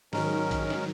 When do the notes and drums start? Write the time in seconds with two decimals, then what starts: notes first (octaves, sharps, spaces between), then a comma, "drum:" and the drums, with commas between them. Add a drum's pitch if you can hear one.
0.13 G#2 D#3 F#3 C#4 D#4 A#4, drum: snare
0.51 drum: kick A#1, hi-hat
0.70 drum: snare